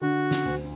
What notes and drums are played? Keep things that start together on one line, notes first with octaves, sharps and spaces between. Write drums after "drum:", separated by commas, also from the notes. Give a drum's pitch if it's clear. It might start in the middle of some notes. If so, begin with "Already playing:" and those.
D3 F#4
drum: snare
D2